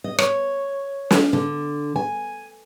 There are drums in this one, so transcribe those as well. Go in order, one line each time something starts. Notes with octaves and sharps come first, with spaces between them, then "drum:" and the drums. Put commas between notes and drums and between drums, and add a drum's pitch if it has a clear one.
D#5
C#5, drum: rim click
drum: snare
D3
G#5